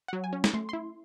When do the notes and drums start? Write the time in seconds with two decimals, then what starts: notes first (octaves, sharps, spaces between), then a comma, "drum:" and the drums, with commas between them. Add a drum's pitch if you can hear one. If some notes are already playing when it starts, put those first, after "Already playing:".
0.08 F#3 F#5
0.24 G#5
0.33 C#4
0.44 drum: snare
0.54 A3 C6
0.69 E4 C6